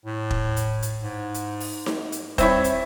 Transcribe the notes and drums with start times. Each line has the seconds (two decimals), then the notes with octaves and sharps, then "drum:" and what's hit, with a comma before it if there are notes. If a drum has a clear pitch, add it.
0.05 A2
0.31 drum: kick E1
0.56 drum: hi-hat
0.82 drum: hi-hat
1.03 G#2
1.34 drum: hi-hat
1.60 drum: open hi-hat
1.86 drum: snare D#4
2.12 drum: hi-hat
2.38 G3 C4 E4 C#5, drum: kick E1, hi-hat
2.64 drum: hi-hat